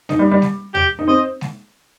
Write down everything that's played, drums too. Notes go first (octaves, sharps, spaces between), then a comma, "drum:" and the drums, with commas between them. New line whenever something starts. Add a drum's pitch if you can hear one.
D#4, drum: snare
G3
G3
drum: snare
G4, drum: tom D#2
D#4
C4 D#5
drum: snare